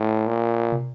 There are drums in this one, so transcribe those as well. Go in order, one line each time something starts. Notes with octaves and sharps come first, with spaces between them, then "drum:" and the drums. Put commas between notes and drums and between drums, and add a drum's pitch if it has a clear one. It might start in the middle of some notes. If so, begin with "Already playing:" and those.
Already playing: A2
A#2
drum: tom